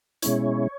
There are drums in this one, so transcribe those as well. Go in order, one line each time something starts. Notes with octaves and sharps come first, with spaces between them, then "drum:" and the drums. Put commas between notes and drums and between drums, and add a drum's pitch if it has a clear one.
B2 G#3 C#4 E4 C#5, drum: hi-hat